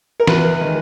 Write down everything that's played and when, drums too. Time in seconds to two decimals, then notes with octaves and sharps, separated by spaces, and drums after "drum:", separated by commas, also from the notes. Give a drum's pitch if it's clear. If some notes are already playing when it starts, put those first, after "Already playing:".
0.20 A#4
0.27 E2 B4, drum: snare
0.61 D#3 G#3